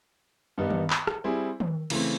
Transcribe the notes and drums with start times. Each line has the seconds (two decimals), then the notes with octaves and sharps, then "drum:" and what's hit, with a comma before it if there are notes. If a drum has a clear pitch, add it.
0.58 G2 D#3 G3 B3 D#4
0.70 drum: tom D#3
0.90 drum: clap
1.07 drum: rim click
1.24 G3 C4 E4 G#4
1.60 drum: tom D#3
1.90 C#3 E3 A3 C4, drum: cymbal